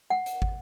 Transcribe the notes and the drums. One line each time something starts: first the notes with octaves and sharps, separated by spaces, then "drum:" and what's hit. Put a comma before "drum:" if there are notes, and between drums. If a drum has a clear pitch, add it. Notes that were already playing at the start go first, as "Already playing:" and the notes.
F#5
drum: hi-hat
drum: kick